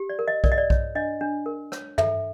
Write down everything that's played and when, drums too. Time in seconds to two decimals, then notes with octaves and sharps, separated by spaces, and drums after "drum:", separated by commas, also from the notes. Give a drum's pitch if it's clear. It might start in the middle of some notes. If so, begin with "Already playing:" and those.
Already playing: G4
0.09 D5
0.19 A#4
0.28 D#5
0.44 A#4 D5, drum: kick B1
0.52 D#5
0.58 D5
0.70 C#5, drum: kick B1
0.95 D4 D#5
1.21 D4
1.46 A#4
1.72 C#5, drum: rim click
1.98 A4 E5, drum: tom